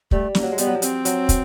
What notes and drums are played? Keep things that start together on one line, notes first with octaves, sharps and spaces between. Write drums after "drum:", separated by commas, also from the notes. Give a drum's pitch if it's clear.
G3 A3, drum: kick
A#3, drum: snare
F#3
G#3
G3 B3, drum: hi-hat
F#3
F3
C4, drum: hi-hat
F#3, drum: hi-hat
drum: kick, hi-hat